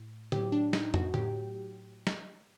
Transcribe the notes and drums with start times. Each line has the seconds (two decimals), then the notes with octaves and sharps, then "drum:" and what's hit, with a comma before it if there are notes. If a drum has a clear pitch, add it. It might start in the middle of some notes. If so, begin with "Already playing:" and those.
Already playing: A2
0.32 A2 F#3 G4, drum: tom
0.52 D4
0.73 D#4, drum: snare
0.94 F#4, drum: tom
1.14 A2 F#3 G4, drum: tom
2.07 drum: snare